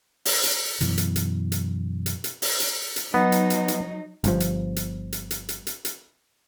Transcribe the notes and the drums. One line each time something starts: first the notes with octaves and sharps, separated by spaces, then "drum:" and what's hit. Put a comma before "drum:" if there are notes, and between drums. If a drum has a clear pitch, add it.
drum: open hi-hat
drum: hi-hat
F#2 B2 E3, drum: hi-hat
drum: hi-hat
drum: hi-hat
drum: hi-hat
drum: hi-hat
drum: hi-hat
drum: open hi-hat
drum: hi-hat
drum: hi-hat
F#3 B3 D#4
drum: hi-hat
drum: hi-hat
drum: hi-hat
G1 G2 F3, drum: hi-hat
drum: hi-hat
drum: hi-hat
drum: hi-hat
drum: hi-hat
drum: hi-hat
drum: hi-hat
drum: hi-hat